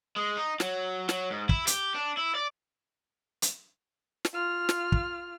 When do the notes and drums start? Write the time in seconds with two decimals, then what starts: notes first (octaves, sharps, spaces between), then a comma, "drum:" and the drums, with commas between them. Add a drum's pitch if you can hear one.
0.16 G#3
0.37 D#4
0.60 F#3, drum: snare
1.09 F#3, drum: snare
1.30 G#2
1.49 E4, drum: kick
1.67 G4, drum: hi-hat
1.94 D4
2.17 E4
2.35 D5
3.42 drum: hi-hat
4.25 drum: snare
4.34 F4 F6
4.69 drum: snare
4.92 drum: kick